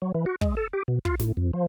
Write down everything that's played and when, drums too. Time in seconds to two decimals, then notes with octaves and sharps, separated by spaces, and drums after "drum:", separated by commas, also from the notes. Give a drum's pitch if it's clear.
0.02 F#3
0.14 E3
0.26 F#4
0.41 G#3, drum: kick
0.57 A4
0.73 G4
0.88 B2
1.05 F4, drum: kick
1.19 A2, drum: snare
1.37 F2
1.53 F3